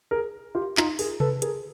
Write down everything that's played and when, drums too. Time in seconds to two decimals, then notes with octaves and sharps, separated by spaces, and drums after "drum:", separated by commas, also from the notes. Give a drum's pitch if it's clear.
0.11 G#4 A#4
0.55 F4 G4
0.77 D#4 F4, drum: clap
0.99 G#4 A#4, drum: open hi-hat
1.20 A4 B4, drum: tom C3
1.42 G#4 A#4, drum: hi-hat